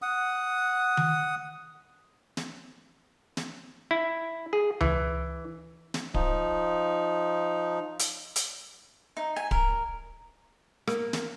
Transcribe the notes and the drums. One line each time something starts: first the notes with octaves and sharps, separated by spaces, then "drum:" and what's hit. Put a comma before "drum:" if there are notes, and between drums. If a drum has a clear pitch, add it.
F#5 D#6
drum: tom D#3
drum: snare
drum: snare
E4
G#4
E3, drum: tom C#2
drum: snare
F3 D#4, drum: kick D1
drum: hi-hat
drum: hi-hat
D#4
G#5
A#4, drum: kick D1
A#3, drum: rim click
drum: snare